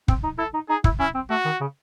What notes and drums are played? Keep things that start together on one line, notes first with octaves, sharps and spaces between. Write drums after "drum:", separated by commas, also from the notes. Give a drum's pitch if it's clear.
C4, drum: kick
D#4
E4 A4
D#4
D#4 G#4
E4, drum: kick
C#4 E4
C4
A3 F#4
D#3
C#3